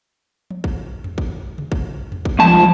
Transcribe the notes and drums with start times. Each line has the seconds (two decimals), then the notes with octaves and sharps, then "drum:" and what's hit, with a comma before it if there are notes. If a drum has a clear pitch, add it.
0.51 drum: tom F3
0.64 drum: kick
1.04 drum: tom E2
1.18 drum: kick
1.58 drum: tom C3
1.72 drum: kick
2.12 drum: tom E2
2.25 drum: kick
2.39 C2 G#2 F3 A5